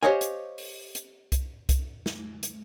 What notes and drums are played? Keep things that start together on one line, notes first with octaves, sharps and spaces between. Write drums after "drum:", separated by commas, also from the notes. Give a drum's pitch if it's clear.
G4 C5 C#5 D#5 F5 G#5
drum: hi-hat
drum: open hi-hat
drum: hi-hat
drum: kick C2, hi-hat
drum: kick C2, hi-hat
drum: snare
drum: hi-hat